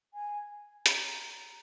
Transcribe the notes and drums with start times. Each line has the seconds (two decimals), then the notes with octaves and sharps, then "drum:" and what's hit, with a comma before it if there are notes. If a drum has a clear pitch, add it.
0.14 G#5
0.86 B5, drum: hi-hat
0.93 A#5